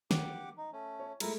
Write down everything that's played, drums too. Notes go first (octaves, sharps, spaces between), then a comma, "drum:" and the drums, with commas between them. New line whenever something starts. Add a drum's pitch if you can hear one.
G4 F#5 D6, drum: snare
D#4
A3 C#4
C#5
G#3 A3 E4 A#4, drum: cymbal